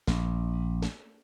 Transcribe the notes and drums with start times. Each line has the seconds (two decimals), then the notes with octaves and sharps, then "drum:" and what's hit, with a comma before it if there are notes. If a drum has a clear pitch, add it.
0.07 A#1, drum: snare
0.82 drum: snare